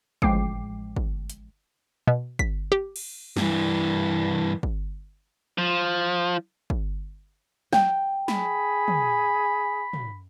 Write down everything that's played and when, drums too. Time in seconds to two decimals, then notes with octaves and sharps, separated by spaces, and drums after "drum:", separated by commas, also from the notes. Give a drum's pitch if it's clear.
0.22 A1 F3 G#3 G5 D6 C7, drum: kick
0.96 drum: kick
1.30 drum: hi-hat
2.08 B2
2.39 B6, drum: kick
2.72 G4
2.96 drum: cymbal
3.37 G2 E3, drum: snare
4.63 drum: kick
5.58 F3
6.70 drum: kick
7.73 G5, drum: snare
8.28 G#4 B5, drum: snare
8.88 drum: tom
9.93 drum: tom